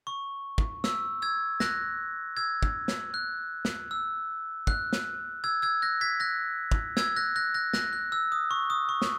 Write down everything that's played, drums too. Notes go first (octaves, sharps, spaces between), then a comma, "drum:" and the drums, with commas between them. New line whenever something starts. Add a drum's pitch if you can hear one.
C#6
drum: kick
E6, drum: snare
E6 G#6
F#6 A#6, drum: snare
E6 G#6
drum: kick
drum: snare
F#6
drum: snare
E6
F#6, drum: kick
drum: snare
E6 G#6
E6 G#6
F#6 A#6
G#6 B6
F#6 A#6
drum: kick
E6 G#6, drum: snare
F#6 A#6
F#6 A#6
F#6 A#6
F#6 A#6, drum: snare
F#6
E6
D#6
C#6
D#6
C#6
drum: snare